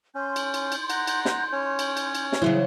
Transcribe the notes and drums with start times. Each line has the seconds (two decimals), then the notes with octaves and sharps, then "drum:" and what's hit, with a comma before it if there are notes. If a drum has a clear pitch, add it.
0.15 C#4 C6 G6
0.36 drum: cymbal
0.54 drum: cymbal
0.72 drum: cymbal
0.90 F#5 A#5, drum: cymbal
1.07 drum: cymbal
1.25 drum: snare
1.52 C#4 C#5
1.79 drum: cymbal
1.97 drum: cymbal
2.15 drum: cymbal
2.32 drum: snare
2.42 C#3 E3 F#3 G#4 C5